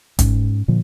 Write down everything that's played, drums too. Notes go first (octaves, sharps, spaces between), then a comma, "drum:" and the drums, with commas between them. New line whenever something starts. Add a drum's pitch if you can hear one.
G#2 C#4, drum: kick, hi-hat
A#2 D3 F3